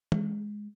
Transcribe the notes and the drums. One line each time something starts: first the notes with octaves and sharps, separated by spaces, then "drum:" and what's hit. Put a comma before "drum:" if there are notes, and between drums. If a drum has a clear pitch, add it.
G#3, drum: tom E3